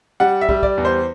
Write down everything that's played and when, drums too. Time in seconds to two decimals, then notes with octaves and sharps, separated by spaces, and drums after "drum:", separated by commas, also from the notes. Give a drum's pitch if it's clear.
0.20 G3 F#5
0.41 E5
0.49 G3, drum: kick
0.63 D5, drum: kick
0.77 E2
0.85 C5